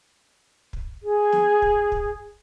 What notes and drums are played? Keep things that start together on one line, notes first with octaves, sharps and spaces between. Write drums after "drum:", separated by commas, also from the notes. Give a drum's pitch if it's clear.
drum: kick
G#4
drum: snare
drum: kick
drum: kick